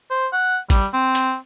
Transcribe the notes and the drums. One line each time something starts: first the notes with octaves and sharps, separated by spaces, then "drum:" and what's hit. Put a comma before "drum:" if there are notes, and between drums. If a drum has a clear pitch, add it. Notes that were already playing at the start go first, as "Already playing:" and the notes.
C5
F#5
G3, drum: kick A1, hi-hat
C4
drum: hi-hat